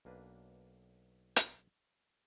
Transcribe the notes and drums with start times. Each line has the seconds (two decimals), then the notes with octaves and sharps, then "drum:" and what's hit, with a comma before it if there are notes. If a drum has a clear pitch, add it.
0.05 B1 A#3 D4 B4
1.36 drum: hi-hat